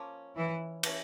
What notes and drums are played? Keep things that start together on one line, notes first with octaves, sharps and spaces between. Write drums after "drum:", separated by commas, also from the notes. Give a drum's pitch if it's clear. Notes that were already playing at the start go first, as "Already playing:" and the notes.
Already playing: F3 A#3 C#4
E3 E4
E3 A3 C#4, drum: cymbal